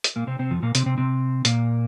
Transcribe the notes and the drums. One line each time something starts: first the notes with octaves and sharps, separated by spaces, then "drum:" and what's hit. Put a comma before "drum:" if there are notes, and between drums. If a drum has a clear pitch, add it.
drum: hi-hat
A#2 A#3
C3 C4
C3 C4
F2 F3
A#2 A#3
C3 C4, drum: hi-hat
C3 C4
C3 C4
A#2 A#3, drum: hi-hat